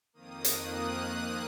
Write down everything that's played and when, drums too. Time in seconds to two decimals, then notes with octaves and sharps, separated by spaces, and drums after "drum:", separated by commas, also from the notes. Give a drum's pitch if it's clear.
0.13 F2 D#3 A#3 D#6
0.44 F#6, drum: hi-hat